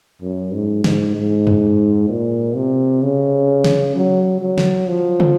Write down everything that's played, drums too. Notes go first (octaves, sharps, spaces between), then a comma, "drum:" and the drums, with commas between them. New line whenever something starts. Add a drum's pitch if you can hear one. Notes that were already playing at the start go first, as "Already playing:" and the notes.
F#2
G#2
G#2, drum: snare
G#2
drum: tom F2
A#2
C3
C#3
drum: snare
F#3
F#3
drum: snare
F3
drum: tom